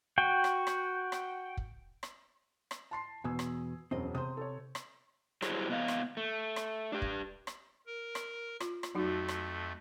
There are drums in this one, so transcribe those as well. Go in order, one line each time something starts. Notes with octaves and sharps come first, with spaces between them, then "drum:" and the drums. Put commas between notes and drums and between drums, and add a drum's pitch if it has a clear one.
F#4 G5
drum: rim click
drum: rim click
drum: rim click
drum: kick
drum: rim click
drum: rim click
A5 C6 C7
E2 B2 G#5 D#6 E6
drum: rim click
E1 F#2 C4 D#5
C3 C5 D#6
A4 C#5
drum: rim click
F#3 G3 E4 G4 G#4 C5, drum: rim click
C3 B3 D#5 F5
drum: rim click
A3
drum: rim click
D4 G4
drum: kick
drum: rim click
A#4
drum: rim click
F4, drum: rim click
drum: rim click
F2 F#3 A3 D#4 F#4
drum: rim click